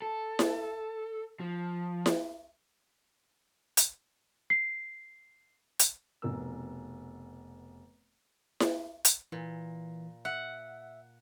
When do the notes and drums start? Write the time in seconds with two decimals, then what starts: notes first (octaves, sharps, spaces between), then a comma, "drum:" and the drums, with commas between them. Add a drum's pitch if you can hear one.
0.02 A4
0.39 drum: snare E4
1.40 F3
2.06 drum: snare E4
3.77 drum: hi-hat
4.50 C7
5.79 drum: hi-hat
6.22 F1 B2 A#4 E6
8.60 drum: snare E4
9.05 drum: hi-hat
9.32 A#2 E3
10.25 E5 F#5